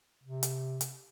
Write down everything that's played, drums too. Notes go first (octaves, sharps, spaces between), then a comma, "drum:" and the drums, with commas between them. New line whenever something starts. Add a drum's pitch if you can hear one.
C3
drum: hi-hat
drum: hi-hat